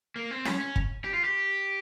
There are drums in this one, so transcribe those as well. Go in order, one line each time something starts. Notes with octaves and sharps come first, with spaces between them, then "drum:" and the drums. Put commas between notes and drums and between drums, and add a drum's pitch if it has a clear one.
A#3
C4
C#4, drum: snare C#4
C#4
drum: kick
G4
F4
G4